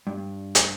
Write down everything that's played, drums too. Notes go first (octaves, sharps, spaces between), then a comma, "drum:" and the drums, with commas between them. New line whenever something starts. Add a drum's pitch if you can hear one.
G2
drum: hi-hat